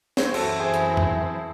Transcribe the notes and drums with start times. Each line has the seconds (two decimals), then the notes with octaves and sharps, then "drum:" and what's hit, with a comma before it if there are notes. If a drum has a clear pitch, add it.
0.17 C#5, drum: snare
0.26 C5
0.34 F#2 E3 C4 E4 F#4 A4, drum: cymbal
0.59 G#4 C5
0.74 drum: hi-hat
0.97 drum: tom F2